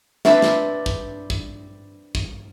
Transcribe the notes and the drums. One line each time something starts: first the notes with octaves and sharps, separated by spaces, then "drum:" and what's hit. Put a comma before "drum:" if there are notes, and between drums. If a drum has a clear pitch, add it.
C4 D4 B4 E5, drum: snare
drum: snare
drum: kick
drum: kick
drum: kick